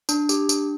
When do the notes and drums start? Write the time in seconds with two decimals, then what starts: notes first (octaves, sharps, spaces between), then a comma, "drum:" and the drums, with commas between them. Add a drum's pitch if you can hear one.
0.09 D4, drum: tambourine
0.29 G4, drum: tambourine
0.49 D4, drum: tambourine